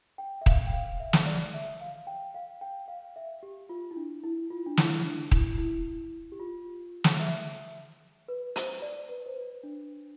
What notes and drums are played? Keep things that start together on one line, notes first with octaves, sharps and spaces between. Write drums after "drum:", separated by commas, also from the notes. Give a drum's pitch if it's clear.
G5
E5
F5, drum: kick D#1
G5
F5
E5
drum: snare
D5
E5
F5
G5
F5
G5
F5
E5
G4
F4
E4
D4
E4
F4
D4
E4, drum: snare
D4
E4, drum: kick D#1
E4
G4
F4
drum: snare
E5
B4
C5, drum: hi-hat
D5
B4
C5
B4
D4